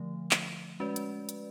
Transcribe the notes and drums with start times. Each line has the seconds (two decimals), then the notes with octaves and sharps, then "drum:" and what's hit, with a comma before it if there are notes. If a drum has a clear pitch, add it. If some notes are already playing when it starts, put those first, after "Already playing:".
Already playing: D3 F3 A3
0.31 drum: clap
0.80 G#3 C#4 F#4 B4 D5
0.96 drum: hi-hat
1.29 drum: hi-hat